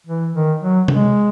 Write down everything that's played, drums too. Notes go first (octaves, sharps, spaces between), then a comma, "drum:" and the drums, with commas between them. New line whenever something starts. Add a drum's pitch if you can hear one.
E3
D#3
F#3
G#3, drum: tom C3